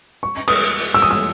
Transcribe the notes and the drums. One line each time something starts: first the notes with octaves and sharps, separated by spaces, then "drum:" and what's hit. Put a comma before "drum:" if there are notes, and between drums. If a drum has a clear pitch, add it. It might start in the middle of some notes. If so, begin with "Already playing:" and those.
C#6
D#6, drum: cymbal
drum: hi-hat
drum: open hi-hat
E6
D#6
E6